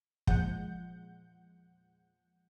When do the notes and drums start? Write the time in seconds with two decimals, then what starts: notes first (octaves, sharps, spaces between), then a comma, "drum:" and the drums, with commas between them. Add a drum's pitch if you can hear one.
0.27 E2 A#2 F3 G#3 F#5 G6, drum: kick